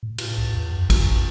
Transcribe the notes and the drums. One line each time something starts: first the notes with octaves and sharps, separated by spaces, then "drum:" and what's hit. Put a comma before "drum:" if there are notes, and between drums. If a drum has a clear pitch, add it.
A2
A2, drum: cymbal
C2
E2
F#2
drum: kick, cymbal
E2